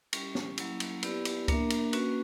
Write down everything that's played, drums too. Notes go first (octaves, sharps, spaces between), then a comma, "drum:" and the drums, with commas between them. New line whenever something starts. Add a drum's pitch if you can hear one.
G3 C#4 E4 G4, drum: cymbal
drum: snare
F#3 A#3 C#4 E4, drum: cymbal
drum: cymbal
B3 E4 G4 B4 D5, drum: cymbal
drum: cymbal
A#3 D4 A#4 E5, drum: kick C#2, cymbal
drum: cymbal
A#3 C#4 F#4 B4, drum: cymbal